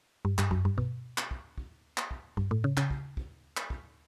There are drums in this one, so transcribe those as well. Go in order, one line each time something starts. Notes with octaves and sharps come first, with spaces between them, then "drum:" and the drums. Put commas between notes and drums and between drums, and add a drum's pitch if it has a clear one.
G2
G2, drum: clap
F#2, drum: kick
G2
B2, drum: kick
drum: clap
drum: kick
drum: kick
drum: clap
drum: kick
G2, drum: kick
A2
C#3
C#3, drum: clap
drum: kick
drum: kick
drum: clap
drum: kick